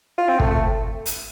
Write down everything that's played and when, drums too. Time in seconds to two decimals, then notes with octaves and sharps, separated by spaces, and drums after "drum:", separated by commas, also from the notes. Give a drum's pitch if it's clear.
0.18 F4
0.29 C4
0.40 A3, drum: kick
0.50 A3
1.06 drum: hi-hat